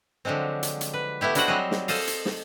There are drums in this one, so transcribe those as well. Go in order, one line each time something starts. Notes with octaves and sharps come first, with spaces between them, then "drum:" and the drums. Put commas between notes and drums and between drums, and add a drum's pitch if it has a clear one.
D3 F3 F#3 G#3 C4
drum: hi-hat
drum: hi-hat
B4
A3 B3 E4 G4
D4 E4 F#4 C5 D#5 F#5, drum: hi-hat
F#3 G3 C4 G#4 D#5
drum: snare
A4 C5 D#5 F5, drum: open hi-hat
drum: hi-hat
drum: snare